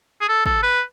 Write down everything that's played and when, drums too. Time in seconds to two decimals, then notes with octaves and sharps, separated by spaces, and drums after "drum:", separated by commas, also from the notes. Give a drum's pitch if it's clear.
0.21 G#4
0.29 A4
0.46 A4, drum: kick
0.63 B4